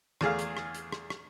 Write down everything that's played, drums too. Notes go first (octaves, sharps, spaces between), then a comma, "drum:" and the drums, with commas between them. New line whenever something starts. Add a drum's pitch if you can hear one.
E2 A3 G#4 F5, drum: rim click
drum: hi-hat
drum: rim click
drum: hi-hat
drum: rim click
drum: rim click